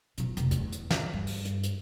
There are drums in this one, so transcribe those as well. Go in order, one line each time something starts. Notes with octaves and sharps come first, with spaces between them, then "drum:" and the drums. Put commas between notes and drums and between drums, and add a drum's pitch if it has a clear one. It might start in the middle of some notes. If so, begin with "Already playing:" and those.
B2 F3, drum: hi-hat
F1, drum: hi-hat
E2, drum: hi-hat
drum: hi-hat
drum: snare
G2
drum: open hi-hat
drum: hi-hat
drum: hi-hat